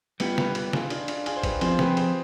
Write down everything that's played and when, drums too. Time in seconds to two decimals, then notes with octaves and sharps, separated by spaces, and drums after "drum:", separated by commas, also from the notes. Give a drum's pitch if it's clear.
0.20 G3 B3 F4 G4 B4, drum: cymbal
0.38 G4 B4, drum: snare
0.55 G4 B4, drum: cymbal
0.73 F4 G#4, drum: snare
0.90 D4 F4, drum: cymbal
1.08 D4 F4, drum: cymbal
1.26 F4 G#4, drum: cymbal
1.36 C5
1.43 G4 B4, drum: kick, cymbal
1.61 F3 C4 F4 G#4 C5, drum: cymbal
1.79 G4 B4, drum: snare
1.97 G#4 C5, drum: cymbal